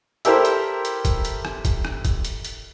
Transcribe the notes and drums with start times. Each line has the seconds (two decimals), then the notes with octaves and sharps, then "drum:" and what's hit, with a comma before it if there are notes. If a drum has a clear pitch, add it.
0.25 E4 G4 A4 A#4 C5, drum: hi-hat
0.45 drum: hi-hat
0.85 drum: hi-hat
1.05 drum: kick, hi-hat
1.25 drum: hi-hat
1.45 drum: rim click
1.65 drum: kick, hi-hat
1.85 drum: rim click
2.05 drum: kick, hi-hat
2.25 drum: hi-hat
2.45 drum: hi-hat